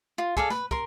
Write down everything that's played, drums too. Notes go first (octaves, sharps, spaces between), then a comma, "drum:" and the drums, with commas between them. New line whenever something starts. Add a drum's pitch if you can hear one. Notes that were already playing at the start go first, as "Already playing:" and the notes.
F4
G#4 A4 D5 F5, drum: kick
B4, drum: snare
A#4 C6, drum: kick